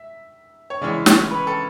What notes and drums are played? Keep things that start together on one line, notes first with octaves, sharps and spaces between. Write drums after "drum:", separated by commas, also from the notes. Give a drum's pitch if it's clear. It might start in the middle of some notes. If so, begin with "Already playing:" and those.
Already playing: E5
C#5
C#3 E3 G#3 C#4 E4 D5
C#5, drum: snare
B4
A4